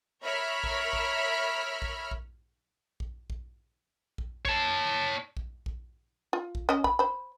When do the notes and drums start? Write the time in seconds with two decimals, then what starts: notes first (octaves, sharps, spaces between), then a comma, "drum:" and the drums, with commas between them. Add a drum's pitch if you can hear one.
0.23 A#4 C#5 E5 B5 F6
0.64 drum: kick A#1
0.93 drum: kick A#1
1.82 drum: kick A#1
2.11 drum: kick A#1
3.00 drum: kick A#1
3.30 drum: kick A#1
4.18 drum: kick A#1
4.45 C#5 A5, drum: kick A#1
5.37 drum: kick A#1
5.66 drum: kick A#1
6.33 F4
6.55 drum: kick A#1
6.69 C#4 D#5
6.84 B5, drum: kick A#1
6.99 C5 B5